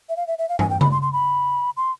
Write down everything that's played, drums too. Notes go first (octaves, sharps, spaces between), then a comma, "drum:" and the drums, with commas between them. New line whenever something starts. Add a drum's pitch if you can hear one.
E5
F5
E5
E5
F5
G#5, drum: tom
G5
B5, drum: tom C#3
C6
C6
B5
C6